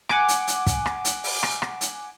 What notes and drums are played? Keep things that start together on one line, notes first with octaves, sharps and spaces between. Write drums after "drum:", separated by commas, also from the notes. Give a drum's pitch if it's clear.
F#5 G#5 D6, drum: rim click
drum: hi-hat
drum: hi-hat
drum: kick, hi-hat
drum: rim click
drum: hi-hat
drum: open hi-hat
drum: rim click
drum: rim click
drum: hi-hat